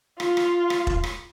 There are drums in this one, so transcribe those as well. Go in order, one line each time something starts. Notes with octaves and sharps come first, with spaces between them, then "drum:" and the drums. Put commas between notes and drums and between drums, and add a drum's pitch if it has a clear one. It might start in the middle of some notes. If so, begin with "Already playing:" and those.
F4, drum: rim click
drum: rim click
drum: rim click
drum: kick E1
drum: rim click